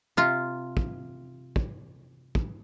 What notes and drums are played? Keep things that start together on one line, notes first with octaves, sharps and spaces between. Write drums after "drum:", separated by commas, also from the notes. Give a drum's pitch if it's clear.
C3 F4
drum: kick
drum: kick
drum: kick